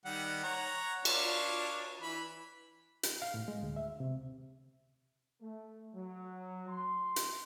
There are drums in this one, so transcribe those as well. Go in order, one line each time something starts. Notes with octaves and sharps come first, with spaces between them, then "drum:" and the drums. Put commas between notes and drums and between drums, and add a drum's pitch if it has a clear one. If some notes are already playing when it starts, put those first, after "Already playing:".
D#3 G3 F#5
C#5 F#5 A#5
D4 F4 C#5, drum: cymbal
E3 B5
drum: hi-hat
F5
A2
G#3
D2
E5
C3
A3
F#3
C6
drum: hi-hat